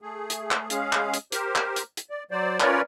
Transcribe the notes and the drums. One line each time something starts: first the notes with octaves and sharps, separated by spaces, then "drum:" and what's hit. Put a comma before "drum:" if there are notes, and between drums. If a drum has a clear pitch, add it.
A3 G#4
drum: hi-hat
drum: clap
G#3 C#4 G#4 F5, drum: hi-hat
drum: clap
drum: hi-hat
G4 A#4 C5, drum: hi-hat
drum: clap
drum: hi-hat
drum: hi-hat
D5
F#3 C5 D5
C#4 F4 A#4 B4 C#5 D5, drum: clap